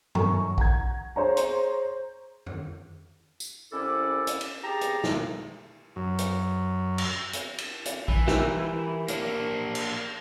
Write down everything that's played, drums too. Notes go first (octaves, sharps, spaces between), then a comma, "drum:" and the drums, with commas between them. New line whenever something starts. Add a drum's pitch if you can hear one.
F#2 A4 A#5 C#6, drum: tom G2
F#5 A#5 G#6, drum: kick A#1
G#4 C5 C#5 A#5
drum: hi-hat
drum: tom F2
drum: tambourine
C2 C#4 E4 A4 D5
drum: hi-hat
drum: cymbal
G4 G#4 A5 A#5
drum: hi-hat
drum: snare
F#2
drum: hi-hat
drum: cymbal
drum: hi-hat
drum: cymbal
drum: hi-hat
E3, drum: kick A#1
G4 A#4 E5, drum: snare
A#3 D4, drum: hi-hat
drum: cymbal